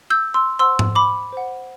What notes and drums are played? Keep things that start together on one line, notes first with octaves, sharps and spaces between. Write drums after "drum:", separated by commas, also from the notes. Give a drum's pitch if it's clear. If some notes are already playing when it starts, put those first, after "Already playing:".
E6 G6
C6 E6
C5 F#5 C6 E6
drum: tom G#2
B5 D6
C5 F#5